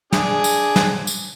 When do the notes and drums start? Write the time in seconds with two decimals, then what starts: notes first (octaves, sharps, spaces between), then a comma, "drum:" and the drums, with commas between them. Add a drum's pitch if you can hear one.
0.13 D4 G#4, drum: snare
0.44 drum: tambourine
0.76 drum: snare
1.07 drum: tambourine